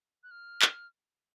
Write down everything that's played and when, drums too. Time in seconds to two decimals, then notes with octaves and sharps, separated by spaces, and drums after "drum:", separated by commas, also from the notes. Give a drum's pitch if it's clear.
0.23 F#6
0.31 F6
0.62 drum: clap